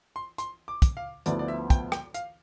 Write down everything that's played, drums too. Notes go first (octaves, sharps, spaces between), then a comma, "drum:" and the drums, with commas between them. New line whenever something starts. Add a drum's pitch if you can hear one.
C6
C6, drum: hi-hat
D6
drum: kick, hi-hat
F5
D2 D3 F3 B3 E4 D5, drum: hi-hat
D5
E5
G5, drum: kick, hi-hat
G5, drum: rim click
F5, drum: hi-hat